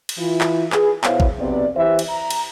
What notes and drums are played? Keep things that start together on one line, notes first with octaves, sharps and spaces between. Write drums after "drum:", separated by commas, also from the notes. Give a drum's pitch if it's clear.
drum: cymbal
E3 E4 F4
drum: clap
G#4 B4, drum: clap
B2 B3 E4 C5 C#5 F5, drum: clap
drum: kick G#1
B1 C3 B3 C4 D5
E3 G4 B4 C5 E5
drum: cymbal
A#5
drum: cymbal